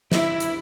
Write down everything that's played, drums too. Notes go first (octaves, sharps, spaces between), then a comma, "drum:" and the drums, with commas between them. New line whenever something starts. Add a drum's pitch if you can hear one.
E4, drum: snare
drum: hi-hat